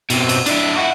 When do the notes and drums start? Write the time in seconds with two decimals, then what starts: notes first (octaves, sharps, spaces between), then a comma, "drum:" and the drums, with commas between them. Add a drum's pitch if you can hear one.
0.10 B2 C4, drum: cymbal
0.29 drum: cymbal
0.46 D4 E4, drum: cymbal
0.77 E4 F#4